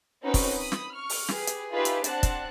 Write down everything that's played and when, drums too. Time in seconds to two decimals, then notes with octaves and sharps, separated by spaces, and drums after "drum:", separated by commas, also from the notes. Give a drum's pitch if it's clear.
0.23 C4 C#4 D#4 F#4 A#4 B4
0.34 drum: kick, open hi-hat
0.56 B5 D#6
0.72 drum: snare
0.94 C#6 F6
1.09 drum: open hi-hat
1.29 G4 G#4 B4, drum: snare
1.47 drum: hi-hat
1.72 D#4 F4 G4 G#4 B4 E5
1.85 drum: hi-hat
2.04 C4 D4 F#5 A5 F#6, drum: hi-hat
2.23 drum: kick, hi-hat